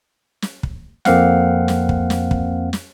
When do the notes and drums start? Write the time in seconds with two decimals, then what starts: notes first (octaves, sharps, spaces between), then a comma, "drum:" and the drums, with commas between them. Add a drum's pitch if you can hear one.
0.42 drum: snare
0.63 drum: kick
1.05 F2 A#3 C4 F5 F#5, drum: snare
1.68 drum: snare
1.89 drum: kick
2.10 drum: snare
2.31 drum: kick
2.73 drum: snare